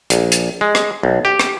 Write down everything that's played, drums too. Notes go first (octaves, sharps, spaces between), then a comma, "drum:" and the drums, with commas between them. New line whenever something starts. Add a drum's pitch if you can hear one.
A#1, drum: hi-hat
drum: hi-hat
G#3
drum: rim click
B1
G4
drum: rim click